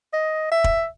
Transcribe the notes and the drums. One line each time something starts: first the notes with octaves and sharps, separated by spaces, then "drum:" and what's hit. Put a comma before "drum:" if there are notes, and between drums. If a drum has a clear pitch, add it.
D#5
E5
drum: kick